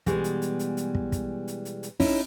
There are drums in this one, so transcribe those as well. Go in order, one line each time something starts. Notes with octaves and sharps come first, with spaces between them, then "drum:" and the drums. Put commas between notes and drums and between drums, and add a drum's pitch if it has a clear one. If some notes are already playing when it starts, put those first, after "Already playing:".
B2 E3 G3 G#3, drum: kick, hi-hat
drum: hi-hat
drum: hi-hat
drum: hi-hat
drum: hi-hat
drum: kick
drum: kick, hi-hat
drum: hi-hat
drum: hi-hat
drum: hi-hat
C#4 D#4 E4, drum: kick, open hi-hat